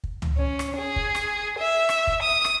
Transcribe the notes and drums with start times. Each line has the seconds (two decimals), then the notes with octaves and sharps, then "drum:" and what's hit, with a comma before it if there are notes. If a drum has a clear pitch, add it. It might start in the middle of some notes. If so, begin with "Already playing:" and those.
0.04 drum: kick
0.22 drum: tom C#2
0.38 C#4
0.59 drum: rim click
0.78 G#4
0.96 drum: kick
1.15 drum: rim click
1.59 E5
1.89 drum: rim click
2.07 drum: kick
2.23 D#6
2.44 drum: rim click